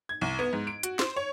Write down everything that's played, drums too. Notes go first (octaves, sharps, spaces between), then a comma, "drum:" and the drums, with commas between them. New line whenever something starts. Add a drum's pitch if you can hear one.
G#6
C2
B3
G#2
D7
F#4, drum: hi-hat
C5, drum: snare
C#5